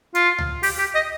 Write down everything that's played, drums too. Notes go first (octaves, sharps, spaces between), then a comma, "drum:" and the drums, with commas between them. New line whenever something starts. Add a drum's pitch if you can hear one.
F4, drum: hi-hat
drum: tom C#2
G4, drum: open hi-hat
G4
D#5